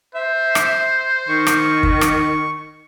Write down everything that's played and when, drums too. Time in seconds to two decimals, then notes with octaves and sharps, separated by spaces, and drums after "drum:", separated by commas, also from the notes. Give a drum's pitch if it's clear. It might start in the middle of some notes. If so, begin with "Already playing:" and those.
0.15 C5 E5
0.55 drum: rim click
1.28 D#3 C#6
1.47 drum: rim click
1.83 drum: kick
2.01 drum: rim click